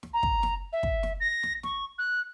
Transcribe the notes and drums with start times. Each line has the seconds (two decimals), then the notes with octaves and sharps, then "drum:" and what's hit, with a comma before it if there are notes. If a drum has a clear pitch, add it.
0.03 drum: snare
0.13 A#5
0.23 drum: kick
0.43 drum: snare
0.72 E5
0.83 drum: kick
1.03 drum: snare
1.20 A#6
1.43 drum: snare
1.63 C#6, drum: snare
1.98 F#6